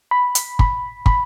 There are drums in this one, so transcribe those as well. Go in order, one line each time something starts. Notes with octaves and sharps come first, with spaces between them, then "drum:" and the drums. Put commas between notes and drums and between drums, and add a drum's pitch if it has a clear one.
B5
drum: hi-hat
B5, drum: kick
B5, drum: kick